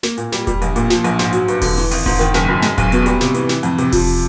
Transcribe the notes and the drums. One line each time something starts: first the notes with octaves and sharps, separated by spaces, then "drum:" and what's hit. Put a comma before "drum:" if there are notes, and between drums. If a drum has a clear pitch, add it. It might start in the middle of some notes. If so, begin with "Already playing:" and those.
A#3, drum: snare
A#2, drum: hi-hat
G3, drum: snare
G3, drum: kick E1, hi-hat
A#1, drum: hi-hat
A#2, drum: hi-hat
F3, drum: snare
A#1, drum: hi-hat
G#2, drum: snare
F#3, drum: hi-hat
G2, drum: hi-hat
D3, drum: kick E1, open hi-hat
E3, drum: hi-hat
G#1, drum: open hi-hat
G#2, drum: kick E1, hi-hat
D#3, drum: hi-hat
F#1, drum: snare
F#2
G#3, drum: snare
B1, drum: kick E1, hi-hat
B2, drum: hi-hat
G3, drum: hi-hat
C3, drum: snare
E3, drum: hi-hat
E3, drum: snare
F2, drum: hi-hat
C3, drum: hi-hat
F3, drum: kick E1, open hi-hat
drum: hi-hat